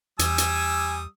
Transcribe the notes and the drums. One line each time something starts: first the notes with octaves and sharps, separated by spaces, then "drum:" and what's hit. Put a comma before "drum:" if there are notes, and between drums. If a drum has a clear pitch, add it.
E2 G3 G#5 D#6 E6, drum: hi-hat
drum: hi-hat